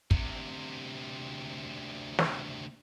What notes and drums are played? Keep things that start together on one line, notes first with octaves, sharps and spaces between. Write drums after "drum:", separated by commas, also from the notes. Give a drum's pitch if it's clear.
D2 C3, drum: kick
drum: snare